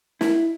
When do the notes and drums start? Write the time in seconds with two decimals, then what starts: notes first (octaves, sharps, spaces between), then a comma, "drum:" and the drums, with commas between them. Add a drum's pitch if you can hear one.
0.21 E4, drum: snare